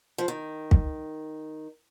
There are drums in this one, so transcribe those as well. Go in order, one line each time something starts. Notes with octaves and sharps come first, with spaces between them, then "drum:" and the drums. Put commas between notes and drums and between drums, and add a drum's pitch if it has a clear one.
F3
D#3
drum: kick